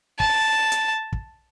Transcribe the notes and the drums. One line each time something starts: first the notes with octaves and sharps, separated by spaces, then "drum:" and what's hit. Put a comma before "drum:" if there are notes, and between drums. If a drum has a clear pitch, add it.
A5, drum: kick
drum: hi-hat
drum: kick